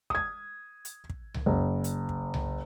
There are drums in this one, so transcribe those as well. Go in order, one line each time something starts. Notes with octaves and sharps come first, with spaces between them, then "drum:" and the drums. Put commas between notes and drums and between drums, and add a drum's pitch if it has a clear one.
D#6 G#6, drum: kick
drum: hi-hat
drum: kick
drum: tom C2
F#1
drum: hi-hat
drum: kick
drum: tom C2